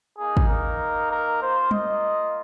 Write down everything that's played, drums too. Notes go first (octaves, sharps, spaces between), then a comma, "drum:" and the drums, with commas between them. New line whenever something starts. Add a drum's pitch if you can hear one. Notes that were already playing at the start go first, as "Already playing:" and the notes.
A#3 D#4 G#4
drum: kick
A#4
A#4
A#3 F4 C5
D#5, drum: tom G3